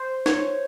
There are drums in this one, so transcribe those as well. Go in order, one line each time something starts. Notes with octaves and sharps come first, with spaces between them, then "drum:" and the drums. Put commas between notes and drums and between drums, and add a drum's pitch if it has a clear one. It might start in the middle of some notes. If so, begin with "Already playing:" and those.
Already playing: C5
C#5, drum: snare